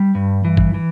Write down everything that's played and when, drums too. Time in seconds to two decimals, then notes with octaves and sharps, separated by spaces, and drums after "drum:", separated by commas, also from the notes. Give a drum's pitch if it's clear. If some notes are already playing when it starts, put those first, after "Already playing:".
Already playing: G3
0.15 G2
0.45 E3
0.57 drum: kick
0.74 E3